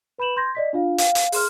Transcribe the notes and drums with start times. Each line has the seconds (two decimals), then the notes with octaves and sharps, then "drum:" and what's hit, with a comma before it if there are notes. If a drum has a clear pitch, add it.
0.18 B4 B5 G6 E7 F#7
0.36 C6 G6 G#6 A#6
0.55 D5 D#5 B6
0.73 D4 F4 F5
0.98 F5 G5, drum: hi-hat
1.15 drum: hi-hat
1.32 G#4 C6 F6, drum: open hi-hat